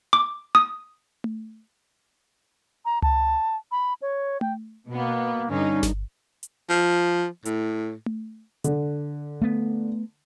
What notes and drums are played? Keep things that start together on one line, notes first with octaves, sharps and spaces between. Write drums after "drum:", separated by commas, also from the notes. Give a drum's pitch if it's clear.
D6
D#6
drum: tom A3
A#5
A5, drum: tom C#2
B5
C#5
G5, drum: tom A3
B2 A#3 B3
G2 D3 C#4 D#4
drum: snare G1
drum: hi-hat
F3
A2, drum: hi-hat
drum: tom A3
D3, drum: hi-hat
A3 B3